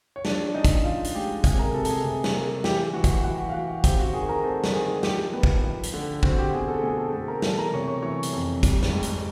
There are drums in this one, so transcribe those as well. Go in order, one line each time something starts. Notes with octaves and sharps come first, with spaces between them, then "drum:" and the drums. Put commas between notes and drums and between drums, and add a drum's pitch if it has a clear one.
C#5
F3 D4 D5, drum: snare
C#4 D#4 D#5
drum: kick, hi-hat
F3 F4 F5
drum: hi-hat
G#3 G4 G5
C3 G#4 G#5, drum: kick, hi-hat
A#4 A#5
C3 A4 A5
A5, drum: hi-hat
G#4 G#5
C3
drum: snare
A#3
E3 G4 G5, drum: snare
E3 F#4 F#5
drum: kick, hi-hat
E3 F#4 F#5
F5
E3 F#4 F#5
C4 G4 G5, drum: kick, hi-hat
F#4 F#5
D#3 G#4 G#5
A#4 A#5
C4 A4 A5
drum: snare
D#3 G#4 G#5
F3 G4 G5, drum: snare
B3
drum: kick
F3
drum: hi-hat
D3
C4 F#4 F#5, drum: kick
G4 G5
B2 G#4 G#5
A4 A5
B2 G#4 G#5
A4 A5
B2 A4 A5
A#4 A#5
E3 A4 A5, drum: snare
A#4 A#5
C3 C#5 C#6
C#5 C#6
E3 C#5 C#6
drum: hi-hat
F2
G3, drum: kick, hi-hat
drum: snare
G#2
drum: hi-hat